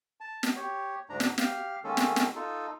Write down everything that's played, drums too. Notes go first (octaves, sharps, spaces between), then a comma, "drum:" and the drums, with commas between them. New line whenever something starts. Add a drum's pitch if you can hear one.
A5
drum: snare
G4 C#5
D2 G#2 D4 A#5
drum: snare
G4 F5 F6, drum: snare
D#3 G#3 A#3 C#4 A4
drum: snare
drum: snare
D#4 F4 A4